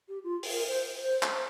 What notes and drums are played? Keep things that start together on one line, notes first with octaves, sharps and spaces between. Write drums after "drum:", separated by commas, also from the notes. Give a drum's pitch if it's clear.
G4
F4
drum: open hi-hat
A#4
C5
C5
drum: clap